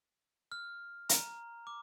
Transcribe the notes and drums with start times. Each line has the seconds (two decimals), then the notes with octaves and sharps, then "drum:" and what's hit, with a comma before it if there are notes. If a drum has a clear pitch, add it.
0.52 F6
1.09 A#5, drum: hi-hat
1.67 D6